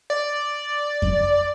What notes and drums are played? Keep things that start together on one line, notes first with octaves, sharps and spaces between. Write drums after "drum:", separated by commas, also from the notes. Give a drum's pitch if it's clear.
D5
drum: kick F2